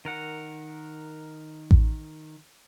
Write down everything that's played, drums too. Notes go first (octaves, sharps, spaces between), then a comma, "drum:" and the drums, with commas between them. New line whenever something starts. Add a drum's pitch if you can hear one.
D#3 A#4 F#5
drum: kick A1